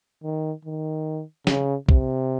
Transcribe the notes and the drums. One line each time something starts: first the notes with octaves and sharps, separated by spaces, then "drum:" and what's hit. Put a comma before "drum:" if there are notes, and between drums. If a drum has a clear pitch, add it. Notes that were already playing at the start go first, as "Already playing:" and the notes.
D#3
D#3
C#3, drum: snare
C3, drum: kick